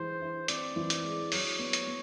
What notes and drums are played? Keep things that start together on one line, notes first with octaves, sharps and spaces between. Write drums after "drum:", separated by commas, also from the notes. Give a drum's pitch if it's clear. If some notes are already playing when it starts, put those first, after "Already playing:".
Already playing: E3 G#3 C5
E4
C4 D5, drum: hi-hat
E3
drum: hi-hat
G#3
F#3 C#5, drum: open hi-hat
B3
drum: hi-hat
B3